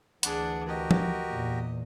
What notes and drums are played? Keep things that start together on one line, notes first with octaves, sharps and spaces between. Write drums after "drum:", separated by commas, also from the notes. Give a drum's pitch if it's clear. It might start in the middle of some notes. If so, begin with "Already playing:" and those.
D2 E3 D4 G#4 F#5, drum: hi-hat
F#4 G4 A#4 D#5
drum: tom F3
E2 A#2